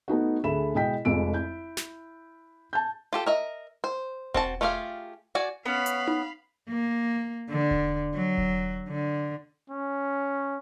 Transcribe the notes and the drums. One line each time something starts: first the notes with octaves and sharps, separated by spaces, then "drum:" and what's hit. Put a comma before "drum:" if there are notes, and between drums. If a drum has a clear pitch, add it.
A3 B3 D#4 F#4
D2 G#4 A4 E5 B5 E7
B2 G#3 E4 D#5 G5 B6
F1 F2 G#3 E6 D7
E4 G6
drum: snare
A5 G6
F4 G4 A4
A#4 D#5 E5
C5
C4 F#4 A5, drum: kick E1
A3 F4 G4 G#4 F5
F#4 D5 G#5
B3 C#4 F5 B5
drum: hi-hat
drum: tom D#4
A#3
D3
drum: kick E1
F#3
drum: kick E1
D3
C#4